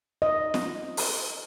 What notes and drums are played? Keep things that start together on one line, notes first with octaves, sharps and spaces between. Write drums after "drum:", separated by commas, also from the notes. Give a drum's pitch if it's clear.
D#5
drum: snare
drum: open hi-hat